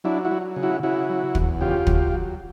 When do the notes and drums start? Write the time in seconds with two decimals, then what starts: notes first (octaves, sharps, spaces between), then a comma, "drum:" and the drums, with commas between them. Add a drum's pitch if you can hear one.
0.04 F#3 D4 E4
0.25 E4 F#4
0.31 F#3
0.56 C#3
0.63 E4 F#4
0.83 C#3 E4 F#4
1.09 F#3
1.35 E2, drum: kick
1.61 C#3 F4 G4
1.87 F#3, drum: kick
2.12 F#3